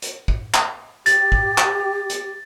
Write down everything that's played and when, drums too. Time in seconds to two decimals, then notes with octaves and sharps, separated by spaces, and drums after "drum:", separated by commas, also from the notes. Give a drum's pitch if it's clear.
0.02 drum: hi-hat
0.28 drum: kick
0.54 drum: clap
1.06 G4 A6, drum: hi-hat
1.32 drum: kick
1.58 drum: clap
2.10 drum: hi-hat